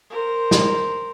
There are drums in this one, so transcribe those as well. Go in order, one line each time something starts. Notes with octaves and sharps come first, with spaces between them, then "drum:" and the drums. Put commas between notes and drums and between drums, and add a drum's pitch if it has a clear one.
A#4 C5
drum: snare